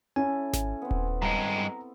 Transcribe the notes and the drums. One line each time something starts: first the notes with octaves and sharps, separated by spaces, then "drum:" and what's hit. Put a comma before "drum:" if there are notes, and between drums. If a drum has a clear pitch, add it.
C#4 E4 A4 G#5
drum: snare G#1
B3 C4
drum: kick D#1
G2 G#3 A#5